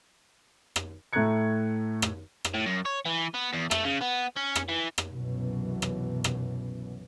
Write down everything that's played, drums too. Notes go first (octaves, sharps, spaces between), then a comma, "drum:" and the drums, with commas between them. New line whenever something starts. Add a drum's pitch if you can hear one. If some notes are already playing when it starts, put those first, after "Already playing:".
drum: rim click
A2 A3 A#5 F#6 G#6 C#7
drum: rim click
drum: rim click
A2
F#2
C#5
E3
B3
E2
A3, drum: rim click
C#3
B3
C#4
drum: rim click
E3
drum: rim click
C2 F#2 B2 E3
drum: rim click
drum: rim click